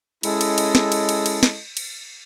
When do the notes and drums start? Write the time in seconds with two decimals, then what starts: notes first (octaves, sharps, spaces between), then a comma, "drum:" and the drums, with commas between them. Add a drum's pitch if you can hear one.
0.23 G#3 C#4 E4 A4 D#5, drum: cymbal
0.41 drum: cymbal
0.58 drum: cymbal
0.75 drum: snare
0.92 drum: cymbal
1.09 drum: cymbal
1.26 drum: cymbal
1.43 drum: snare
1.77 drum: cymbal